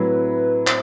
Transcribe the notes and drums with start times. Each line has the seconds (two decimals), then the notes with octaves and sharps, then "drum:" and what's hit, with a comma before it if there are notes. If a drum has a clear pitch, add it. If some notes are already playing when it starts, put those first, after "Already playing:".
Already playing: A2 F#3 C4 E4 B4
0.67 C5, drum: clap